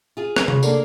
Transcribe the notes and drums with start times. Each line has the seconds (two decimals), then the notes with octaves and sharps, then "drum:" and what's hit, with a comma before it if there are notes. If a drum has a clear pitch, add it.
0.17 F4 G#4
0.36 drum: rim click
0.48 C#3, drum: tom C3
0.63 D3 A#3 G#4 A#4, drum: tambourine